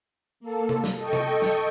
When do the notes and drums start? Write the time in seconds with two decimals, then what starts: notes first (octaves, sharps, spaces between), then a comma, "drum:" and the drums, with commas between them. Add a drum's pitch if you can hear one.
0.40 A#3 A4
0.69 drum: tom C3
0.84 drum: snare
0.96 A4 D#5 G5 C#6
1.13 drum: tom C3
1.42 drum: snare